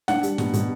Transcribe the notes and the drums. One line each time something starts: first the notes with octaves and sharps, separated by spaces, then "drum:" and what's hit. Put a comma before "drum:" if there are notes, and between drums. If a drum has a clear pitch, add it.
D4 F#5, drum: snare
G3, drum: hi-hat
B2, drum: snare
B2, drum: hi-hat